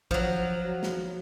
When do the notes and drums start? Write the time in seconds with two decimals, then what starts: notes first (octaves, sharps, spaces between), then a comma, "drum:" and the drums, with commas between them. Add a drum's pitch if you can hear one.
0.11 F3 F#3, drum: kick
0.83 drum: snare